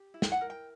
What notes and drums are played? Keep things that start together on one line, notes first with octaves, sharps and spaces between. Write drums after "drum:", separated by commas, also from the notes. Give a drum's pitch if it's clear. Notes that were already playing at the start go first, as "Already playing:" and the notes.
Already playing: G4
E4
G5, drum: snare
F#5
A#4
G5